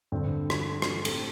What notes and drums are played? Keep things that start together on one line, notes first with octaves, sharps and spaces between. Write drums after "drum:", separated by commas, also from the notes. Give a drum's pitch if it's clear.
G2 D3 C4
drum: rim click
drum: rim click
A2 A3 C4 G4 C5, drum: cymbal